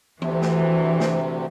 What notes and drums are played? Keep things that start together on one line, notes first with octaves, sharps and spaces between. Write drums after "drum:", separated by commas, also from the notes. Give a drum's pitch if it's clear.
D2 C3 E3, drum: tom E3
drum: snare
drum: snare